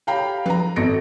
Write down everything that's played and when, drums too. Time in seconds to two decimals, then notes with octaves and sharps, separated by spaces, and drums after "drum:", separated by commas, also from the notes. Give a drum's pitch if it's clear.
0.07 G4 C#5 F5 G5 A#5 B5
0.46 B4 A#5, drum: tom F3
0.76 G#1 A4 A#6 C#7 D7